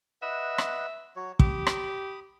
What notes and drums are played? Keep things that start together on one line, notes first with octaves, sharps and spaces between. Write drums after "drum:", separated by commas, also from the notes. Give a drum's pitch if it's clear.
B4 D#5 E5 F#5
drum: rim click
F#3 F#4 C#5
G4 B5 D#6, drum: kick
drum: rim click